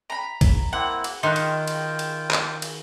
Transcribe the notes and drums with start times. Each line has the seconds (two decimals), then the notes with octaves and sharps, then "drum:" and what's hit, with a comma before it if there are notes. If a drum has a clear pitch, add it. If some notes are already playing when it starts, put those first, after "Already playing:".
0.10 A#5 B5
0.41 drum: kick, cymbal
0.73 A#3 C4 E4 F#5
1.04 drum: cymbal
1.23 D#3 D#4 F4 G5 C6 F#6
1.36 drum: cymbal
1.68 drum: cymbal
1.99 drum: cymbal
2.31 drum: clap
2.62 drum: cymbal